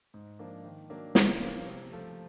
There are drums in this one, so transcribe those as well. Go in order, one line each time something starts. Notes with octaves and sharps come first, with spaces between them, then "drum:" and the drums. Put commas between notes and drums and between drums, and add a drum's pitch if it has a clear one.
G#2
F3 A#3 D4
D#3
F#3 A#3 D4
C#3, drum: snare
F3 A#3 C#4
C3
F3 A3